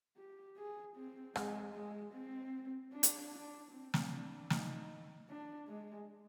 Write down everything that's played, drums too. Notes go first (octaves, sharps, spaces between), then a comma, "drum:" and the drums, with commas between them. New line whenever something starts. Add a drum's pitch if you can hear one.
G4
G#4
C4
G#3, drum: rim click
G#3
C4
D4
drum: hi-hat
D4
C4
drum: snare
D4
D#4, drum: snare
D4
G#3